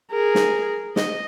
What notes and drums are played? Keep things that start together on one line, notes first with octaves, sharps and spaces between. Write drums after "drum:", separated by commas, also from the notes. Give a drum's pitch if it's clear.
G#4 A#4
drum: snare
D#5, drum: snare